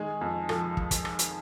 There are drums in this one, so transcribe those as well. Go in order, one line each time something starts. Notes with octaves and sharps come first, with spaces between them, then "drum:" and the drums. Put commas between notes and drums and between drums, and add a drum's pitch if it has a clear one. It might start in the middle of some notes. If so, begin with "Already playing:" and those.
Already playing: D#3 G#3 G#4
F2
F3 A4, drum: rim click
drum: kick
drum: kick, hi-hat
drum: rim click
drum: hi-hat